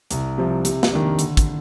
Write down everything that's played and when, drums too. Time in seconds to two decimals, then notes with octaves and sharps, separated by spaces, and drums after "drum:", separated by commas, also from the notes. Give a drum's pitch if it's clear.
0.11 C2, drum: hi-hat
0.38 C3 F3
0.65 C3, drum: hi-hat
0.83 drum: snare
0.92 D#3 A#3 D4
1.19 D3, drum: hi-hat
1.37 drum: kick, hi-hat